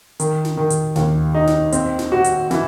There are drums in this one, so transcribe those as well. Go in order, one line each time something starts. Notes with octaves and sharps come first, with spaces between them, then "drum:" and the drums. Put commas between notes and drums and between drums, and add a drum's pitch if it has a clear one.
D#3, drum: hi-hat
drum: snare
D#3
drum: hi-hat
D#2, drum: snare
D#4
drum: snare
C4, drum: hi-hat
drum: snare
F#4
drum: hi-hat
E3, drum: snare